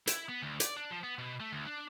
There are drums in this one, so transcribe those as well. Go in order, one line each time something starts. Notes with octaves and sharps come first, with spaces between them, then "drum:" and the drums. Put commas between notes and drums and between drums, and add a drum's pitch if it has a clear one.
E4, drum: hi-hat
B3
D2
D5, drum: hi-hat
D4
F3
B3
B2
A3
D2
D4